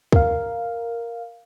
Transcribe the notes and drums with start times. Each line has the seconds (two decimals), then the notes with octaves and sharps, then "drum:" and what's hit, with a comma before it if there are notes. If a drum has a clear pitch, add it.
0.12 A#4 F5, drum: kick